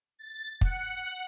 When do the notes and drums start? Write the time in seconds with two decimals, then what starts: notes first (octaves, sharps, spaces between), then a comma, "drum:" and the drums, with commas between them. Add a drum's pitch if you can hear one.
0.19 A6
0.61 F#5, drum: kick